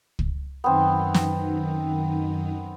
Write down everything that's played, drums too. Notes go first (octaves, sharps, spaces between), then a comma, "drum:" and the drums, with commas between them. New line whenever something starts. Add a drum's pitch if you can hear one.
drum: kick
F#2 D#3 B3 C4 D#4
drum: snare